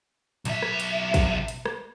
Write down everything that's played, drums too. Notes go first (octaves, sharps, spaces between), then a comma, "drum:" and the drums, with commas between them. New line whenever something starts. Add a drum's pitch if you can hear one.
B1 E5, drum: hi-hat
drum: rim click
drum: hi-hat
drum: kick, hi-hat
drum: hi-hat
drum: rim click